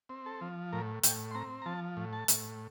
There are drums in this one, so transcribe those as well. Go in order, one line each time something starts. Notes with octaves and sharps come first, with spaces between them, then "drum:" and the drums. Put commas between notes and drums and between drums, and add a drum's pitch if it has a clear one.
C4
A4
F3
A2 A#4
A2 G5, drum: hi-hat
C6
C4 A#5
A#5
F3 A5
A2
A5
A2, drum: hi-hat